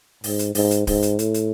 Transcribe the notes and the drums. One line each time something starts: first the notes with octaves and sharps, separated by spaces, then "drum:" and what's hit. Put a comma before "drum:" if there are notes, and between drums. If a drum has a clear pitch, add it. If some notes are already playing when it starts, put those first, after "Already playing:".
G#2, drum: open hi-hat
drum: hi-hat
G#2, drum: open hi-hat
drum: hi-hat
G#2, drum: kick D1, open hi-hat
drum: hi-hat
A2, drum: hi-hat
drum: hi-hat